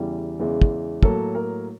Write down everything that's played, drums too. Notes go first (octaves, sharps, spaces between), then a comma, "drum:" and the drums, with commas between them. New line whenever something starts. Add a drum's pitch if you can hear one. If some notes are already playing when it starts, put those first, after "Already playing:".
Already playing: E2 C#3 E3 G3
E2 C#3 E3 G#3
drum: kick
A2 F#3 A#3 A4, drum: kick
A#4